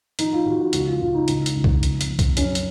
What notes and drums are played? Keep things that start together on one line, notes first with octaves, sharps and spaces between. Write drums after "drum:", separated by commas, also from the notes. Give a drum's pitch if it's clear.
F3 D#4, drum: hi-hat
F4
F3 F#4
F#4
C#2 F#4, drum: hi-hat
F4
C#2 F4
D#4
C#2 D#4, drum: hi-hat
drum: hi-hat
C#2
drum: kick C2
F2, drum: hi-hat
drum: hi-hat
F2
drum: kick C2, hi-hat
F#2 C#4, drum: hi-hat
drum: hi-hat